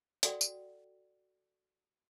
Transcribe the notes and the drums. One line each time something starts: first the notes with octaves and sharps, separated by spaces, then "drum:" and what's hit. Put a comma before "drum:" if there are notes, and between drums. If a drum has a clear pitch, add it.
F#4 A4 D5 F#5 G5, drum: hi-hat
drum: tambourine